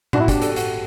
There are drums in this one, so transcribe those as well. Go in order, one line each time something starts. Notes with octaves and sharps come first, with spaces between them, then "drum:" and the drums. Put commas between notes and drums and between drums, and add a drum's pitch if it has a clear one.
D4 F#4, drum: tom A2
E4
D4 G4, drum: kick, hi-hat
A4, drum: hi-hat
F#4, drum: hi-hat